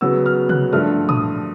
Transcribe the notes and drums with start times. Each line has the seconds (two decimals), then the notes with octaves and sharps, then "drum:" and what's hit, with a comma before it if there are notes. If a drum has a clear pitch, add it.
0.01 C#3 F#3 B3 E6
0.26 F6
0.49 F#6, drum: tom
0.72 G2 D3 F3 A3 F6
1.09 D#6, drum: tom